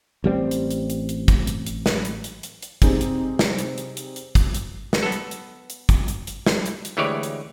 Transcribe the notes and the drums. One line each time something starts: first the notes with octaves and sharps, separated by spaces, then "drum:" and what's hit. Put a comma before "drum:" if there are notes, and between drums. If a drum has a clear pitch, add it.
A1 G3 A#3 C4
drum: hi-hat
drum: hi-hat
drum: hi-hat
drum: hi-hat
drum: kick, hi-hat
drum: hi-hat
drum: hi-hat
drum: snare
drum: hi-hat
drum: hi-hat
drum: hi-hat
drum: hi-hat
C3 G3 C4 D#4 G#4, drum: kick, hi-hat
drum: hi-hat
drum: snare
drum: hi-hat
drum: hi-hat
drum: hi-hat
drum: hi-hat
drum: kick, hi-hat
drum: hi-hat
drum: snare
B3 A4
drum: hi-hat
drum: hi-hat
drum: hi-hat
drum: kick, hi-hat
drum: hi-hat
drum: hi-hat
drum: snare
drum: hi-hat
drum: hi-hat
D2 E3 G#3 G4 C#5 D5
drum: hi-hat